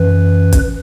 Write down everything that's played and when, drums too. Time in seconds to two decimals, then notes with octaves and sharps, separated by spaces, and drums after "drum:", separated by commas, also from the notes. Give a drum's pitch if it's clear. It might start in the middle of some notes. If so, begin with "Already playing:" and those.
Already playing: F#2 E3 B4
0.53 drum: kick, hi-hat